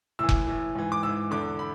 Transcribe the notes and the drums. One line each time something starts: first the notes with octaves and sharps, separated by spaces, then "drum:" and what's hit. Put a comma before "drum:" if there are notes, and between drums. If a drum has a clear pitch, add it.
A2 E3 E6
drum: kick F1
A2 E3
G#2 E3
D6
G#2 E3 E6
E2 D3 D6
B5